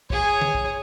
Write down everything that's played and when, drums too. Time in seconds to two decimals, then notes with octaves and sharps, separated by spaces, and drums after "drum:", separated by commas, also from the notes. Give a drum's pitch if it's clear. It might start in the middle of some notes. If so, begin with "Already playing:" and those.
0.10 G#4 C#5, drum: kick
0.41 drum: tom
0.55 drum: kick